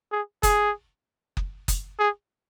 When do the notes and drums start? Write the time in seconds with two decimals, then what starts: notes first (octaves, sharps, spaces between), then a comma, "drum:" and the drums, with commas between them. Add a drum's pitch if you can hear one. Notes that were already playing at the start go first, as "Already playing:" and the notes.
0.12 G#4
0.43 G#4, drum: kick F#1, hi-hat
1.37 drum: kick F#1
1.68 drum: kick F#1, hi-hat
2.00 G#4